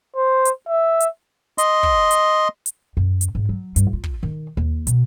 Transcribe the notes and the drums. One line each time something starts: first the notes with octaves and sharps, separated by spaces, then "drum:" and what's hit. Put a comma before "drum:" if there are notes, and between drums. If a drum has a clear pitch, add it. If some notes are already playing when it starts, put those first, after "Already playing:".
C5
drum: hi-hat
E5
drum: hi-hat
D#5 C6, drum: hi-hat
drum: kick
drum: hi-hat
drum: hi-hat
F#2
drum: hi-hat
G#2
F#3
G2, drum: hi-hat
F4
drum: kick
D#3
D#2
B2, drum: hi-hat